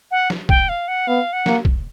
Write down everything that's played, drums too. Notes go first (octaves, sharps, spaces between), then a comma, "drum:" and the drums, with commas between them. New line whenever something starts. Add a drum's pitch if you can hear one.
F#5
drum: snare
G5, drum: kick
F5
F#5
B3 F5
F#5
A#3, drum: snare
drum: kick